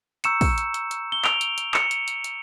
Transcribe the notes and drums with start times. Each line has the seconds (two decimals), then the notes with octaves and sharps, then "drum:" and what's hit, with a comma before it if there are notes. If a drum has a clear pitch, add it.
0.24 A#5 C#6 E6 G6 C#7 E7, drum: hi-hat
0.41 drum: kick, open hi-hat
0.58 drum: hi-hat
0.74 drum: hi-hat
0.91 drum: hi-hat
1.12 G7
1.24 D7 F7, drum: clap
1.41 drum: hi-hat
1.58 drum: hi-hat
1.74 C#7 E7, drum: clap
1.91 drum: hi-hat
2.08 drum: hi-hat
2.24 drum: hi-hat